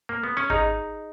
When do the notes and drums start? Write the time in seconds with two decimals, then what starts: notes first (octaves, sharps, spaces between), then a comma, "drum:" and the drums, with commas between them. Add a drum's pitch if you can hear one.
0.09 A#3
0.24 B3
0.37 C#4
0.50 D#4 G#4 D#5 A#5, drum: kick G#1